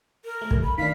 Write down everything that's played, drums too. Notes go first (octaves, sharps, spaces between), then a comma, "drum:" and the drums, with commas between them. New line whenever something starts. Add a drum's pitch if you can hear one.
A#4
A3
drum: kick
B5
D#3 D4 F5 B6